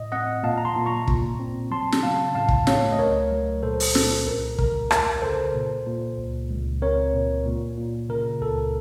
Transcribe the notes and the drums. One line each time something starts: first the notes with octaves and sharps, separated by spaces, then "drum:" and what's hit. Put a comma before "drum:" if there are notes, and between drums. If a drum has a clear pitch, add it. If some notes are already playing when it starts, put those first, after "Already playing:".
Already playing: A2 D#5
C4 D#5 F#5
A#2 F5 A5
A#5
A5 C6
A#2
A#5 C#6
A#2, drum: kick
C4
F#3 A5 C6
drum: snare
C#3 F5 A5
A2 F5 A5
drum: kick
A3 C#5 F5, drum: snare
D#5
C#2 A#4 C#5
F#3
A#2 A4 C5
drum: open hi-hat
A#2 A4, drum: snare
C2 A#4
C2 A#4, drum: kick
D#2 A#4, drum: rim click
C#3 A4 C5
A#2
A#2
C#2
C#2
C4 A#4 C#5
A#2
A#2
A#2
C#3 A#4
C#2 A4